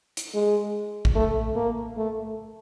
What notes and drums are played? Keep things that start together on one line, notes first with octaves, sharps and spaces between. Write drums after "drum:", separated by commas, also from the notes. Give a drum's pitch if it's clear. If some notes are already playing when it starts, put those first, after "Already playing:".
drum: hi-hat
G#3
drum: kick A1
A3
A#3
A3